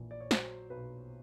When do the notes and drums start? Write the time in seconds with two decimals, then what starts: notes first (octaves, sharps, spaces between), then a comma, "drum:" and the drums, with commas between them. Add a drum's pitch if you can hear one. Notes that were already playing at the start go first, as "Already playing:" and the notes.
Already playing: A#1 E3
0.11 D5
0.20 C#5
0.31 F#3 C5, drum: snare
0.70 B1 B4